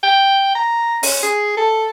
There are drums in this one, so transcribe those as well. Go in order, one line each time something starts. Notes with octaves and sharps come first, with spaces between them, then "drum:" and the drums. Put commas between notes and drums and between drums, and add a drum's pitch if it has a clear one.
G5
A#5
C#4, drum: open hi-hat
G#4
A4